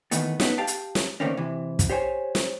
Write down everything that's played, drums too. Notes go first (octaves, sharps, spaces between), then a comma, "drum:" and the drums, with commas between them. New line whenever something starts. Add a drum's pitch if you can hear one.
D#3 E3 A3 B3, drum: hi-hat
B3 D#4 A4 B4, drum: snare
G4 F5 G5 A5
drum: hi-hat
drum: snare
D3 D#3 A3 A#3 C4 C#4
C3 E3
drum: kick, hi-hat
G4 C5 C#5 G#5
drum: snare